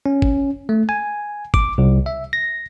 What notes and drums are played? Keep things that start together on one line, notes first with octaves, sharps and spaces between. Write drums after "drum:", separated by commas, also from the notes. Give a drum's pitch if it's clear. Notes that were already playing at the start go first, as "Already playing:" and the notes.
C#4
drum: kick
A3
G#5
D6, drum: kick
C2
E5
A#6